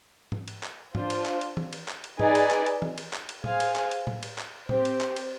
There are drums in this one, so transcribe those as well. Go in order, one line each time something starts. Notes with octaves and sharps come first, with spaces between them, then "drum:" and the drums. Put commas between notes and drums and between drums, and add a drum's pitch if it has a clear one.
drum: tom G#2
drum: cymbal
drum: clap
D4 F4 C5, drum: tom G#2
drum: cymbal
drum: clap
drum: cymbal
drum: tom
drum: cymbal
drum: clap
drum: cymbal
D#4 G#4 B4 D5, drum: tom G#2
drum: cymbal
drum: clap
drum: cymbal
drum: tom
drum: cymbal
drum: clap
drum: cymbal
G#4 C5 F5 G#5, drum: tom A2
drum: cymbal
drum: clap
drum: cymbal
drum: tom A2
drum: cymbal
drum: clap
C4 G4 C5, drum: tom A2
drum: cymbal
drum: clap
drum: cymbal